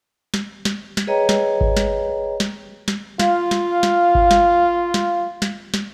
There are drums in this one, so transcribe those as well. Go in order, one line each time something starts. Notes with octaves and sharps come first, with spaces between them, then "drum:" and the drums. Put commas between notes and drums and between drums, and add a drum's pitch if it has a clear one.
drum: snare
drum: snare
drum: snare
G#4 B4 C#5 D#5 G5 A#5
drum: snare
drum: kick G#1
drum: snare
drum: snare
drum: snare
F4 F5, drum: snare
drum: snare
drum: snare
drum: kick G#1
drum: snare
drum: snare
drum: snare
drum: snare